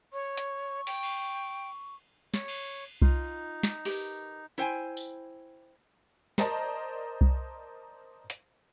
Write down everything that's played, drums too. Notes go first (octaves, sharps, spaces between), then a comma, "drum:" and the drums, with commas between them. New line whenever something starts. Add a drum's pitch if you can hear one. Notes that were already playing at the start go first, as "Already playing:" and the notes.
C#5 C#6
drum: hi-hat
G5, drum: open hi-hat
drum: cymbal
C#5, drum: snare
drum: cymbal
D#4 F4, drum: kick C2
drum: snare
G4 A#4 B4, drum: open hi-hat
E4 C5 G5 G#5
drum: tambourine
A#4 C5 D5 D#5 A5 A#5, drum: snare
drum: kick C2
drum: hi-hat